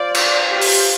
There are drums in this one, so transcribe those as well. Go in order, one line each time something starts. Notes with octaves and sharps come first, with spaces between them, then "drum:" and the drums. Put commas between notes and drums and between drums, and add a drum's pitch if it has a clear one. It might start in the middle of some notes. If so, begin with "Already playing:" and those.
Already playing: F4 C5 D5 F5
drum: cymbal
G4
drum: open hi-hat